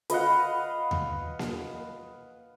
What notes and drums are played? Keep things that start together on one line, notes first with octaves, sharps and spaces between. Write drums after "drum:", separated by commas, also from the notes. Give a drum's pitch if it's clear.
B4 D#5 F5 F#5, drum: hi-hat
drum: tom D#2
drum: snare A#3